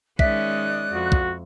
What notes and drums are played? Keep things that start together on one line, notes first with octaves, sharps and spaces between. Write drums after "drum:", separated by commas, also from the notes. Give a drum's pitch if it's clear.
D#3 G#3 C#4 D5 E5 D#6 F#6 B6, drum: kick
F2 F#4
drum: kick